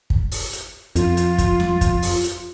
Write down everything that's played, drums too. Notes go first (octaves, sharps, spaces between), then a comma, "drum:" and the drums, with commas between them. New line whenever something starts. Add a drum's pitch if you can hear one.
drum: kick
drum: open hi-hat
drum: hi-hat
F2 F4, drum: hi-hat
drum: hi-hat
drum: kick, hi-hat
drum: snare
drum: kick, hi-hat
drum: open hi-hat
drum: hi-hat